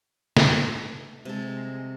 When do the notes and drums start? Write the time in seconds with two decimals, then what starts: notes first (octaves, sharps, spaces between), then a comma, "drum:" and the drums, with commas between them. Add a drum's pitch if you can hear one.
0.37 A4 B4, drum: snare
1.25 C3 G#3 A4